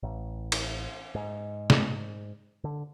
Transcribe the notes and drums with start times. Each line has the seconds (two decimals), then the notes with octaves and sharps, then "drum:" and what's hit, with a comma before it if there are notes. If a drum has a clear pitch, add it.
0.03 A1
0.52 drum: cymbal
1.15 G#2
1.70 drum: snare
2.64 D3